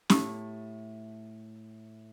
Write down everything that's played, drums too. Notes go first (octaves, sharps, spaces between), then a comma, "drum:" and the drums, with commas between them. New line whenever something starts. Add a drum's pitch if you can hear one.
A2 G4 D#6, drum: snare C#4